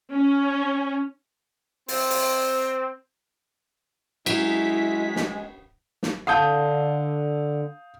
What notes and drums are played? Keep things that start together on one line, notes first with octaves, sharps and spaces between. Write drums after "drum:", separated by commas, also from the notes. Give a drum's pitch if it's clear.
C#4
C4, drum: open hi-hat
drum: open hi-hat
F#3 G#3 E4 B6, drum: cymbal
drum: snare
drum: snare
D3 F5 F#5 A5 D#6 G6